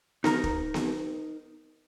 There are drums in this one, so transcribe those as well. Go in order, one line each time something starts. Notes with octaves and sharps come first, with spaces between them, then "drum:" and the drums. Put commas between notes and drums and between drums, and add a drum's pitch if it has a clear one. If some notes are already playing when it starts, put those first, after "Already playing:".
D#4 A#4 A#5, drum: snare B3
drum: kick
drum: snare B3